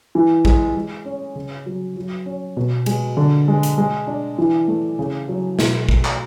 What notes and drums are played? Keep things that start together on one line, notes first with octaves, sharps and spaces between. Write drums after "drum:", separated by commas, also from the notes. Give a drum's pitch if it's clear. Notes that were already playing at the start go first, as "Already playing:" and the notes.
E3
G#3, drum: kick
G#3
C#4
C#3
F#3
F#3
C#4
B2
G#3, drum: cymbal
D3
G#3
drum: hi-hat
G#3
D4
E3
A3
C#3
F#3
B2, drum: snare
A3, drum: kick
drum: clap